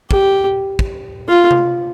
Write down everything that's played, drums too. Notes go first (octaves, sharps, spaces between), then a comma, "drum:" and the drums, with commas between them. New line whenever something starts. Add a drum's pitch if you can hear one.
G4, drum: kick
drum: kick
F4
drum: tom C3